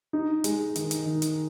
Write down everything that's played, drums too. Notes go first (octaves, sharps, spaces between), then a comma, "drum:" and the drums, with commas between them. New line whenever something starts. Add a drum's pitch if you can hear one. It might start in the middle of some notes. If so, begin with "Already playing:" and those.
D#4
G#3, drum: hi-hat
D#3, drum: hi-hat
drum: hi-hat
D#3
drum: hi-hat